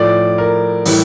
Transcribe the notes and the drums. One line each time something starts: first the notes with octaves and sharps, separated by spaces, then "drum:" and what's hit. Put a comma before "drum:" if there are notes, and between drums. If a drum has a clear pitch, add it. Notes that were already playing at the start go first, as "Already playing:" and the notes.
Already playing: A2 F3 D5
A#4
A2 E3 G3, drum: open hi-hat